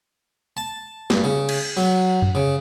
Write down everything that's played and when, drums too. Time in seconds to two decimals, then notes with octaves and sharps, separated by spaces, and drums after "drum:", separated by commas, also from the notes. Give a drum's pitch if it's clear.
0.57 A5
1.10 G2, drum: snare
1.24 C#3
1.49 drum: cymbal
1.77 F#3
2.22 drum: tom F#2
2.35 C#3